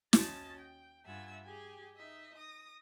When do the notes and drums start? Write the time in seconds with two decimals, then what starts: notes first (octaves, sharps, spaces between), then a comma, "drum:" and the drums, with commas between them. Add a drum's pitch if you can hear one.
0.13 D#2 C#4 F#4 D#5 A5 A6, drum: snare
0.58 G5
1.06 G2 F4 E5 F#5 G#5 E6
1.43 G4 G#4 G5 G#5
1.96 D#4 D#5 E5
2.36 D#6 A#6